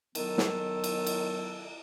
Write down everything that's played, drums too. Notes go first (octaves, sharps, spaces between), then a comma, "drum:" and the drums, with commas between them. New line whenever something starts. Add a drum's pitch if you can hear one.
D#3 F#3 B3 A4, drum: cymbal
drum: snare
drum: cymbal
drum: cymbal